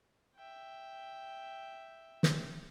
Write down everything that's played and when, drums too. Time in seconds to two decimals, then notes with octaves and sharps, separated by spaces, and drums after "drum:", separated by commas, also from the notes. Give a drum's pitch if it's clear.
0.35 E5 G5
2.23 drum: snare